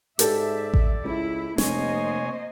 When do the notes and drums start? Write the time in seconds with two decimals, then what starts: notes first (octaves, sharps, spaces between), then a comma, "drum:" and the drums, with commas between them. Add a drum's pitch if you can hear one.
0.19 G#2 G4 A4 D5 E5, drum: hi-hat
0.74 drum: kick A1
1.05 C#2 E4
1.58 F1 C3 A#3 C5 C#5 D#5 G#5, drum: snare